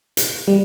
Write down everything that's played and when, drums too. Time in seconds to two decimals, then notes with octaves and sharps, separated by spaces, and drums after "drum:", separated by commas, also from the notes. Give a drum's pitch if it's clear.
0.17 drum: hi-hat
0.48 G3